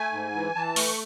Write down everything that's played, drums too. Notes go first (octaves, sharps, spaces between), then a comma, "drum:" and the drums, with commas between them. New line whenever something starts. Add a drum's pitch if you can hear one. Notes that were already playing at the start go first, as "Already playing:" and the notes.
Already playing: A3 G#5
G#2
E3
E3 A5
A3 C#6, drum: open hi-hat